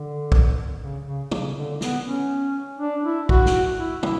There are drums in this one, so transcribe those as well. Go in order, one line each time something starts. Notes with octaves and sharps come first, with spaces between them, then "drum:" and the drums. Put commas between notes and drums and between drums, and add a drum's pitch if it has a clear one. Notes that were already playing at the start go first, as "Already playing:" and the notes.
Already playing: D3
drum: kick
C#3
C#3
C#3, drum: tom
D3
B3, drum: snare
C#4
D4
E4
F#4, drum: kick
drum: snare
E4
E4, drum: tom